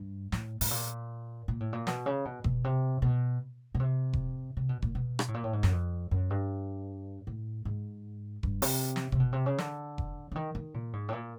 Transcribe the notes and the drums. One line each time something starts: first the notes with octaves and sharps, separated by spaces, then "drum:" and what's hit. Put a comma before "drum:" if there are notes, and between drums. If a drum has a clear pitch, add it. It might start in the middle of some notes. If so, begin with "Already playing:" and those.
Already playing: G2
A2, drum: snare
A2, drum: open hi-hat
A#2
A#2
A2
A#2
B2, drum: snare
C#3
B2
B2, drum: kick F1
C3
B2
B2
C3
drum: kick F1
C3
B2
A#2, drum: kick F1
B2
drum: rim click
A2
A#2
A2
G#2
F#2, drum: snare
F2
F#2
G2
A2
G#2
G2, drum: kick F1
C3, drum: open hi-hat
drum: snare
C3, drum: kick F1
B2
C3
C#3
D3, drum: snare
drum: kick F1
D3
D#3
D#3
A#2
G#2
A2
A#2